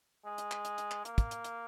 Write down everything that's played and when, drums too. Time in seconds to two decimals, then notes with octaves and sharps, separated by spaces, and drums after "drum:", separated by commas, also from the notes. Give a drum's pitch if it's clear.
0.25 G#3
0.38 drum: hi-hat
0.51 drum: clap
0.65 drum: hi-hat
0.78 drum: hi-hat
0.91 drum: clap
1.05 A#3, drum: hi-hat
1.18 drum: kick, hi-hat
1.31 drum: hi-hat
1.44 drum: hi-hat